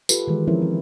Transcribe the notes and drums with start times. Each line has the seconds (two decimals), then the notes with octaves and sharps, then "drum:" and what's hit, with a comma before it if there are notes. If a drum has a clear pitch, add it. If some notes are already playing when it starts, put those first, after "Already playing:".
0.09 F4 G4 A4 B4, drum: tambourine
0.27 D#3 E3 G#3
0.48 F3 C4 C#4 E4 A#4 C#5
0.62 C4